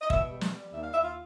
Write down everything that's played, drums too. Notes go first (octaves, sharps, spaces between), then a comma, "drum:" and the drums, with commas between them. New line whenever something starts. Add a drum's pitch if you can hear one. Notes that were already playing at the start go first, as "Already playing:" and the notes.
D#5
B2 E4 E5, drum: kick
G3
drum: snare
G3
D#2 E5
F5
D#2 E4 E5
F4 F5